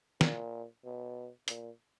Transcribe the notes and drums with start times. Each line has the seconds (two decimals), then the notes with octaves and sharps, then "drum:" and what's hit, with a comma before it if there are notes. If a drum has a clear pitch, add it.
0.21 A#2, drum: snare
0.84 B2
1.48 A#2, drum: hi-hat